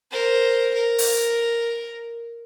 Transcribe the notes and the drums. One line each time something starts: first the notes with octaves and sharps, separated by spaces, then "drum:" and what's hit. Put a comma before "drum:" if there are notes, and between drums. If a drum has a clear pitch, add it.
A#4 C5
A#4
drum: open hi-hat